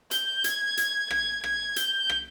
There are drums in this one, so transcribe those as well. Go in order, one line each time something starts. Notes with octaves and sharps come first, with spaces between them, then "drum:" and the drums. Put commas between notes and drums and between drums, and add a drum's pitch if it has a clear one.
G6, drum: hi-hat
G#6, drum: hi-hat
drum: hi-hat
G#6, drum: rim click
G#6, drum: rim click
G6, drum: hi-hat
drum: rim click